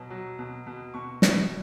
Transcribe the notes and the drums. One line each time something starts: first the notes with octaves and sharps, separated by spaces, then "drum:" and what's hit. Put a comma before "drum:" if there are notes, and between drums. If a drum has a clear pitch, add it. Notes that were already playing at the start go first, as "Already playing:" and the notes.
Already playing: B2 F#3
F#3
B2
B2
B2 C#6
B2, drum: snare